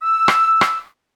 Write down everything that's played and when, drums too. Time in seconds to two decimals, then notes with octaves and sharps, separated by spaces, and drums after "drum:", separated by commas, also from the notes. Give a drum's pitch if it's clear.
0.02 E6
0.28 drum: rim click
0.61 drum: rim click